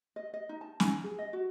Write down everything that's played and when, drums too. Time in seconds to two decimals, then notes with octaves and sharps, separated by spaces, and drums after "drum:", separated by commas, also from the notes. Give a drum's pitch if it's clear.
0.16 D#5
0.34 D#5
0.49 D#4
0.61 A5
0.80 G#5, drum: snare
1.04 G#4
1.18 D#5
1.33 F#4